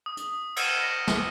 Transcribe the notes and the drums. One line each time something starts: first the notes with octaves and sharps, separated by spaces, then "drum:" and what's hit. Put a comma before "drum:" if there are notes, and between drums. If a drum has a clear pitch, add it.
D#6
drum: hi-hat
E6 F6 C#7 D#7 E7, drum: cymbal
A#6
drum: snare